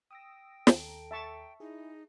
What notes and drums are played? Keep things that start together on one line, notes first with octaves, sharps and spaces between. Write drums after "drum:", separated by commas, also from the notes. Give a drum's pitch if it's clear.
G5 D#6 E6 A#6
D#2 A4 A#5, drum: snare
E5 A5 C#6
D#4 E4 G#4